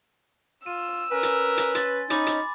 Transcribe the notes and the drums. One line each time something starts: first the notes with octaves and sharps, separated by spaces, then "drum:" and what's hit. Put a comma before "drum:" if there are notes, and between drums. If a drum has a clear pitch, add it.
F4 E6 D#7
C#4 A#4 B4 G#5
drum: hi-hat
drum: hi-hat
C6 A6, drum: hi-hat
C#4 D#4 B5 D6 A6, drum: hi-hat
drum: hi-hat